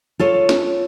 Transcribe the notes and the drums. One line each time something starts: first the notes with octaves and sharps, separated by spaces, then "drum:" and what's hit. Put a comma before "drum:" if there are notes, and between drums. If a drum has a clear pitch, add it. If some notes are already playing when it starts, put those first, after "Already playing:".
F4 A4 C#5
drum: snare